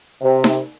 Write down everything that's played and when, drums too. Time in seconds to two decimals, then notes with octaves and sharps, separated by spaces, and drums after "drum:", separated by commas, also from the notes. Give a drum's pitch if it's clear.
0.22 C3
0.44 drum: snare D#4